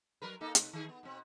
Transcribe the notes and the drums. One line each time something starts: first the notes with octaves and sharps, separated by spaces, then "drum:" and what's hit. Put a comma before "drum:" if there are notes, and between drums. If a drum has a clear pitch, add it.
F#3 A#4 B4
A#3 D#4 A4
C3, drum: hi-hat
D#3 G#4
B3
B2 C4